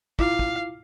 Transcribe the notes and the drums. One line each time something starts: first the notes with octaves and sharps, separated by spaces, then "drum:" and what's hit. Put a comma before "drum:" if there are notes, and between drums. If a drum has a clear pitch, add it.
E4 F4 F5 D6, drum: kick
drum: kick